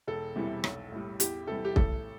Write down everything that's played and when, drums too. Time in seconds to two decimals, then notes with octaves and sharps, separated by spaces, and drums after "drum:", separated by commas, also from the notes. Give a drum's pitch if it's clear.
0.08 E1 A4
0.36 E2 C3 E3 G3
0.64 B1, drum: rim click
0.92 A2 G3
1.20 E2 G4, drum: hi-hat
1.47 C3 E3 G3 A4
1.65 G4
1.76 A1 A4, drum: kick